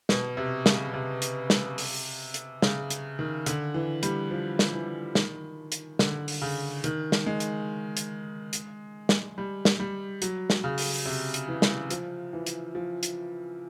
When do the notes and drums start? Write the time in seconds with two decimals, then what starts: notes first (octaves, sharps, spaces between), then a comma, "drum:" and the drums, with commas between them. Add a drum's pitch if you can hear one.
0.09 B2, drum: snare
0.37 C3
0.66 C#3, drum: snare
0.93 C3
1.22 drum: hi-hat
1.50 drum: snare
1.78 drum: open hi-hat
2.34 drum: hi-hat
2.62 C#3, drum: snare
2.90 drum: hi-hat
3.19 D#3
3.46 D3, drum: hi-hat
3.74 E3
4.03 G3, drum: hi-hat
4.31 F3
4.59 drum: snare
4.73 E3
5.15 D#3, drum: snare
5.72 drum: hi-hat
5.99 D3, drum: snare
6.28 drum: open hi-hat
6.42 C#3
6.84 D#3, drum: hi-hat
7.12 drum: snare
7.26 G#3
7.40 drum: hi-hat
7.97 drum: hi-hat
8.53 drum: hi-hat
9.09 drum: snare
9.38 G3
9.65 drum: snare
9.80 G3
10.22 F#3, drum: hi-hat
10.50 drum: snare
10.64 C#3
10.78 drum: open hi-hat
11.06 C3
11.34 drum: hi-hat
11.48 E3
11.62 drum: snare
11.90 F3, drum: hi-hat
12.33 E3
12.47 drum: hi-hat
12.75 F3
13.03 drum: hi-hat